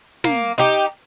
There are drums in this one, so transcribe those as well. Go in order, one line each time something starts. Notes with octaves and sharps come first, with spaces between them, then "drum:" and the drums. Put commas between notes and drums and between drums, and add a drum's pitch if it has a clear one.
A#3, drum: snare
D#4 G4